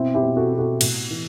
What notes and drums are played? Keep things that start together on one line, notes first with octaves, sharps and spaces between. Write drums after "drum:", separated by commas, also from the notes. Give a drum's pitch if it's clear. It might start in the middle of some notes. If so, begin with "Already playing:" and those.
Already playing: B2 C4 E4
E4 G4
B2
F#4 A4
B2
F#4 A4
A2, drum: cymbal
E3